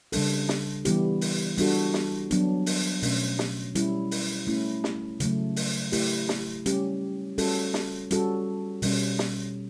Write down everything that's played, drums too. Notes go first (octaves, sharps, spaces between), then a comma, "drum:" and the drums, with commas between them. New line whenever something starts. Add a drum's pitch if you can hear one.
C#3 G3 D4 A4, drum: open hi-hat
drum: snare
E3 G3 B3 E4 G4, drum: hi-hat
drum: open hi-hat
G3 D4 F#4 A4, drum: open hi-hat
drum: snare
F#3 B3 D4, drum: hi-hat
drum: open hi-hat
B2 A3 C#4, drum: open hi-hat
drum: snare
G3 C#4 E4, drum: hi-hat
drum: open hi-hat
A3 C#4 E4
drum: snare
C#3 F#3 A3, drum: hi-hat
drum: open hi-hat
A3 E4 G4, drum: open hi-hat
drum: snare
G3 C#4 G4, drum: hi-hat
G3 C#4 F#4 A4, drum: open hi-hat
drum: snare
G3 C#4 F#4 A4, drum: hi-hat
B2 G3 C#4, drum: open hi-hat
drum: snare